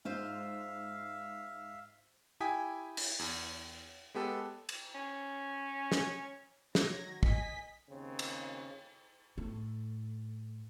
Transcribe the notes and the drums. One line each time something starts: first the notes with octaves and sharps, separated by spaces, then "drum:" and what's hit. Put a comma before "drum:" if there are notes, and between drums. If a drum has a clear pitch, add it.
G#2 F4 C5 E5 F5
E4 G4 G5 G#5 D#6 B6
drum: cymbal
E2, drum: open hi-hat
G#3 B3 G4 A4
drum: cymbal
C#4
drum: snare
D#3 F#3 G#6 A#6, drum: snare
D#5 G#5 B6, drum: kick
D#2 C#3 C4
drum: cymbal
A2